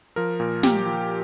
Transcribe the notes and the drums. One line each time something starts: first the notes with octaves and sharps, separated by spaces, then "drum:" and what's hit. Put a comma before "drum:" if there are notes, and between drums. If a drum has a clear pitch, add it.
F3 A#4
A#2
A#2 G4, drum: snare
F3